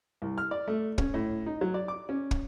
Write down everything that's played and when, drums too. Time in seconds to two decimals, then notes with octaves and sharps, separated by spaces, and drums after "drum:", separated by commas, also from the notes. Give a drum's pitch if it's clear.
0.22 C2
0.38 F6
0.51 D5
0.68 A3
0.98 C#4, drum: kick
1.14 A2
1.46 D#4
1.61 F#3
1.74 D5
1.88 D6
2.09 C#4
2.31 drum: kick